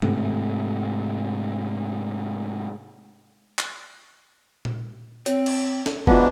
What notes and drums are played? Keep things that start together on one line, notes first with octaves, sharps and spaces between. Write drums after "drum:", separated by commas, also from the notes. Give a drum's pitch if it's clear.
G#2 C3 A3, drum: tom G2
drum: clap
drum: tom A#2
C4 C#5, drum: hi-hat
drum: cymbal
drum: snare
G#2 E3 B3 D4 F4 F#4 F5, drum: kick F1